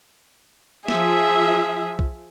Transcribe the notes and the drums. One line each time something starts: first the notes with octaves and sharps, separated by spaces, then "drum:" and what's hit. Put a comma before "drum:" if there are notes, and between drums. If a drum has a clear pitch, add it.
F3 G#4 E5, drum: snare
drum: kick